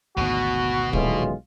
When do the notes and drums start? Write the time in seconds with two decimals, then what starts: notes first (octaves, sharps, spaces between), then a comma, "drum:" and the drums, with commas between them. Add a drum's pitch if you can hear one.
0.17 G#1 D2 G#2 B2 F#4
0.93 D#1 B1 C#3 E3 G#3 F4, drum: kick